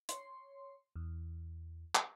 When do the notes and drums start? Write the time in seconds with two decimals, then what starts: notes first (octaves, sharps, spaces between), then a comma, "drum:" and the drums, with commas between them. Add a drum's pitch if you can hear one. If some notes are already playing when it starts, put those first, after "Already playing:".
0.09 C#5 C6, drum: hi-hat
0.96 E2
1.95 drum: clap